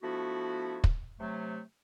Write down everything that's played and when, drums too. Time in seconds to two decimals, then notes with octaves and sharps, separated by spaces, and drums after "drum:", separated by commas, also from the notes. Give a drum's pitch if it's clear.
0.02 F3 A3 B3 D4 E4 F#4
0.84 drum: kick
1.20 C3 F#3 A3